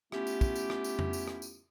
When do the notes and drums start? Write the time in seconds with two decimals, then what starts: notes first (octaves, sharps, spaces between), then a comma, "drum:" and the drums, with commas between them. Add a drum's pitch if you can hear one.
0.12 A3 B3 C#4 E4 F4 G4, drum: rim click
0.27 drum: tambourine
0.41 drum: kick, tambourine
0.56 drum: tambourine
0.70 drum: rim click
0.84 drum: tambourine
0.99 drum: tom F2
1.13 drum: tambourine
1.28 drum: rim click
1.42 drum: tambourine